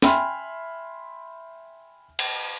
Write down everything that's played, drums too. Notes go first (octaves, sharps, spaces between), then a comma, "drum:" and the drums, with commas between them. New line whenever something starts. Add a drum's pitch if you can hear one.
E5 G5 G#5 B5 C6 F6, drum: snare
drum: cymbal